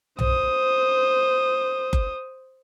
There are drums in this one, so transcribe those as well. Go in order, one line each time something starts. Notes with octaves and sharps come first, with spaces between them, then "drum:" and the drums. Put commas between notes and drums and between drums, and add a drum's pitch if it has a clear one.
C5 D#6, drum: tom B1
drum: kick F#1